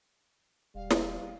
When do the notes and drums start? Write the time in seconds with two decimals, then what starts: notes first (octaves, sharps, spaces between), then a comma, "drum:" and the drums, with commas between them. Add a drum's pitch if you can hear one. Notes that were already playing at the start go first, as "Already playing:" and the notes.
0.75 E1 G3 F5
0.91 drum: snare